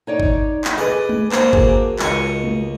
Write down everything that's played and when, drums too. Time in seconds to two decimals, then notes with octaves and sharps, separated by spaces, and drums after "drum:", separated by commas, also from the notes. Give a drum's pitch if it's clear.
0.07 D#4 C#5 D5
0.20 drum: kick G#1
0.64 drum: clap
0.78 G#4 B4 D5 D#5
1.09 drum: tom G#3
1.32 A#3 C4 D4, drum: clap
1.53 F#4 G#4 A#4, drum: kick G#1
1.99 C#2 D#5 C#6, drum: clap
2.44 drum: tom G#3